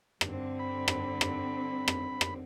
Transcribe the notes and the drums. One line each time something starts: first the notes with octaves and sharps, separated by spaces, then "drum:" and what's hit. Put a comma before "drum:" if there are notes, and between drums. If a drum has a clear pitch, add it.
G2 D3 C4, drum: rim click
B5
drum: rim click
drum: rim click
drum: rim click
drum: rim click